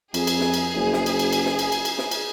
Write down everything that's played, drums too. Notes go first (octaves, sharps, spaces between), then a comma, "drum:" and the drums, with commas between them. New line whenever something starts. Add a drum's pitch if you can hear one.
F2 G#4, drum: cymbal
drum: cymbal
drum: snare
drum: cymbal
F#1
drum: snare
drum: cymbal
drum: cymbal
drum: cymbal
drum: snare
drum: cymbal
drum: cymbal
drum: cymbal
drum: snare
drum: cymbal